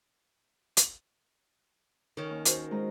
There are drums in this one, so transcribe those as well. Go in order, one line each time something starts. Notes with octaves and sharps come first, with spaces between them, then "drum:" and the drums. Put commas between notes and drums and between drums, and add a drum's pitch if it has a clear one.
drum: hi-hat
D#3 C#4
D#2
F#4 A#4 C5, drum: hi-hat
G#3 F4 A#5